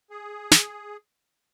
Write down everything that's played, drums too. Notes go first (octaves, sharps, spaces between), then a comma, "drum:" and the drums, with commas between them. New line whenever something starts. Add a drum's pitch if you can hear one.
G#4
drum: snare